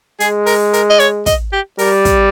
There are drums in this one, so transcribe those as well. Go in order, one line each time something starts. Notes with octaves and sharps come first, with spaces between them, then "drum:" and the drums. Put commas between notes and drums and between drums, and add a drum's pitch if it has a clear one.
G#3 G#4, drum: hi-hat
A#4, drum: open hi-hat
A#4, drum: hi-hat
D#5
C#5, drum: hi-hat
D#5, drum: kick, hi-hat
G4
G3 A#4, drum: open hi-hat
drum: kick, hi-hat